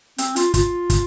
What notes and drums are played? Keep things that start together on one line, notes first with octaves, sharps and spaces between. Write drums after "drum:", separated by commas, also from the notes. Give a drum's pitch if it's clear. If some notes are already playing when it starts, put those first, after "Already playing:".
C4, drum: hi-hat
F4, drum: hi-hat
F4, drum: kick, hi-hat
drum: kick, hi-hat